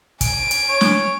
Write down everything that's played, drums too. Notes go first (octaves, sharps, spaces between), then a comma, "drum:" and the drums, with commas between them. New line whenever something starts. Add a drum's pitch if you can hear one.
G#5 D7, drum: kick, hi-hat
drum: hi-hat
C#5
drum: snare